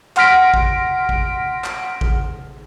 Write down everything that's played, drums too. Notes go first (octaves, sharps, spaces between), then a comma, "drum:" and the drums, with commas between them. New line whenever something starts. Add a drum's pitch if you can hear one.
F#5 C6 F6 A#6 B6 D7, drum: clap
drum: kick A1
drum: kick A1
drum: clap
drum: kick A1